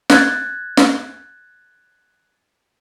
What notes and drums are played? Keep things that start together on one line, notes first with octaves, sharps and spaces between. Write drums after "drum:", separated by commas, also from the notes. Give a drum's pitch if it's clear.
F#6 G#6 A6, drum: snare
drum: snare